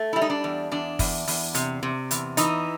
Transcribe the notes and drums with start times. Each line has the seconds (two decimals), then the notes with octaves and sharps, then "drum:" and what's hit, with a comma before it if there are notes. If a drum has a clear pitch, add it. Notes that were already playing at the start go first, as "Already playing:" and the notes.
Already playing: A3
0.13 G3 E4
0.21 D#4
0.30 D4
0.44 E2
0.72 E2 D4
0.99 E2, drum: kick, open hi-hat
1.28 E2, drum: open hi-hat
1.55 C3, drum: hi-hat
1.83 C3
2.11 E2, drum: hi-hat
2.37 E3 D#4, drum: hi-hat